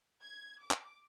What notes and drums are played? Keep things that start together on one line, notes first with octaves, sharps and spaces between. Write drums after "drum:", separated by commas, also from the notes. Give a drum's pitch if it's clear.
G#6
D6
drum: clap